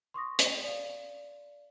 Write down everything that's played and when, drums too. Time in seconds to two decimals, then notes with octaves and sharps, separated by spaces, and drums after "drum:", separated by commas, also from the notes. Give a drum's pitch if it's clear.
0.14 C6 C#6 D#6 A#6
0.39 C#7, drum: hi-hat
0.64 D5 F5